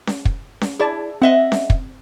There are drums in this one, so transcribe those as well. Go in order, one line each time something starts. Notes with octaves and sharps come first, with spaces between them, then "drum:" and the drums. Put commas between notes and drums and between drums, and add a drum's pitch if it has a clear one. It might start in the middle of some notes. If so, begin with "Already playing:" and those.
drum: snare C#4
drum: kick
drum: snare C#4
E4 G#4 D5 A5
C4 D#5 E5 F#5
drum: snare C#4
drum: kick